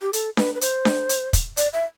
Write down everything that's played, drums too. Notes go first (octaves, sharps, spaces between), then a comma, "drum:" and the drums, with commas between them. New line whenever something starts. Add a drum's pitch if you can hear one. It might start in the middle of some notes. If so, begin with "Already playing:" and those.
G4
A4, drum: hi-hat
B4, drum: snare D4
B4
C5, drum: hi-hat
drum: snare D4
drum: hi-hat
drum: kick, hi-hat
D5, drum: hi-hat
E5